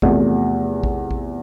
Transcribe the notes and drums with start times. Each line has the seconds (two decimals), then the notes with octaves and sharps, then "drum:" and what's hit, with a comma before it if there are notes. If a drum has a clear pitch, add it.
0.02 E2 C3 F3 A3 C4, drum: kick A#1
0.83 drum: kick A#1
1.11 drum: kick A#1